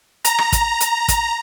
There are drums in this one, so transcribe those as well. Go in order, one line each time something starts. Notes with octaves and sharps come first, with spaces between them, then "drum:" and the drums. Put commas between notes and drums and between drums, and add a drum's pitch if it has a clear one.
A#5, drum: hi-hat
drum: rim click
drum: kick, hi-hat
drum: hi-hat
drum: kick, hi-hat